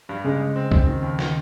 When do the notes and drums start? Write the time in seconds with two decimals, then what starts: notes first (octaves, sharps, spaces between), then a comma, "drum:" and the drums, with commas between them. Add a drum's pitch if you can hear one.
0.09 G2
0.25 C#3 G#3 C#4
0.41 G#3
0.56 C4
0.72 C4, drum: kick C2
0.87 D#3
1.02 D#2
1.19 D#3, drum: snare